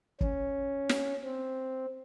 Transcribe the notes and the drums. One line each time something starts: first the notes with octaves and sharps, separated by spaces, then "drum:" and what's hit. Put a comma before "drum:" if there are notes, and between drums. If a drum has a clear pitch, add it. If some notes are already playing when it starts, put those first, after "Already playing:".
C#4, drum: kick
drum: snare
C4